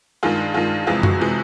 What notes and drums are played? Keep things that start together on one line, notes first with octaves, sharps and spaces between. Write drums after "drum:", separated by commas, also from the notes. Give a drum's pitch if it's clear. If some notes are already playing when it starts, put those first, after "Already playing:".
G2 D#3 G#3 F4
G2 D#3 G#3 F4
F2 C3 E3 G#3 F4
F#4, drum: tom F#2
C3 E3 G#3